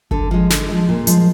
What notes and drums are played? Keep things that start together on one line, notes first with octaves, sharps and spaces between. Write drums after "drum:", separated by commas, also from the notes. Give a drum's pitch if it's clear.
D3 A4, drum: kick G1
F3 G#3
D3, drum: snare
F3 G#3
A#2
F3 G#3, drum: hi-hat